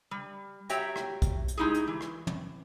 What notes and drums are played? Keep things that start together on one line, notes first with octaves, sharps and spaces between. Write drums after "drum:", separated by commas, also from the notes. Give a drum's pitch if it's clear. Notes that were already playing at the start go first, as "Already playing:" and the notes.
G3
F#4 G4 C#5 E5 G5 A#5, drum: hi-hat
drum: rim click
drum: kick, hi-hat
drum: hi-hat
G#3 D#4 E4 G4 G#4
drum: hi-hat
E3
drum: rim click
drum: tom